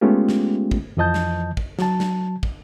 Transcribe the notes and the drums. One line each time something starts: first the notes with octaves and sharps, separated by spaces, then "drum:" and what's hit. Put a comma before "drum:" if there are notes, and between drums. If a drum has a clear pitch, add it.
G#3 A3 B3 C#4 F4 G4
drum: snare
drum: kick
F2 E3 F3 D#5 A5 G6
drum: snare
drum: kick
F#3 A5, drum: snare
drum: snare
drum: kick